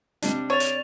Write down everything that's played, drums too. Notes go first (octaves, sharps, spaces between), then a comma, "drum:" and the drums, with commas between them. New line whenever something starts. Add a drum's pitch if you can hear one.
C3 G3 D4, drum: hi-hat
C#5 D5 C#6 F7
drum: hi-hat